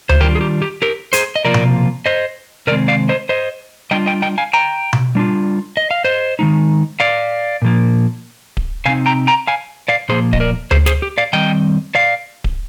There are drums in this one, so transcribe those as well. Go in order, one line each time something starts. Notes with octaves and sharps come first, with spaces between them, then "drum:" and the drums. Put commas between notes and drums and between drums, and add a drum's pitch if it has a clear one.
C5, drum: tom D2
D#3 G3 D4 F4 G4 A#4
G#4
G4
G4
G4 A#4
G#4 C5, drum: hi-hat
D#5
C3 F3 A#3 F4 A#4 D5
drum: tom B2
C5 D#5
C3 D#3 G#3 C4 A#4 D5
D5 F5
C5 D#5
C5 D#5
G3 D4 F4 D#5 G5
D#5 G5
D#5 G5
F5 G#5
G5 A#5
drum: tom B2
G3 D4 F4
D#5
F5
C5 D#5
D#3 G#3 D#4
D5 F5
A#2 F3 A#3
drum: kick D1
C3 F3 C4 D#4 F5 G#5
G5 A#5
G5 A#5
F5 G#5
D5 F5
A#2 F3 A#3 G#4 C5
D#5, drum: kick D1
A#4 D5
G#4 C5, drum: tom D2
G#4 C5, drum: snare
G4
D5 F5
D#3 G3 C4 D#5 G5
D5 F5
drum: kick D1